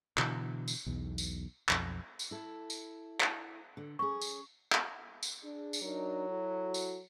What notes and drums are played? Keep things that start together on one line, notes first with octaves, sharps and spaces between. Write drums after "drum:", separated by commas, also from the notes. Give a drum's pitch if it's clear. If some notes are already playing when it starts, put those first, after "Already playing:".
B2 D3 E3, drum: clap
drum: tambourine
B1 E2 B2
drum: tambourine
B1 F2, drum: clap
drum: tambourine
E4 A4
drum: tambourine
drum: clap
D3
C#4 G#4 C#6
drum: tambourine
drum: clap
drum: tambourine
D4 G#4
drum: tambourine
F#3 D4 D#4 A#4
E4 F#4 A4
drum: tambourine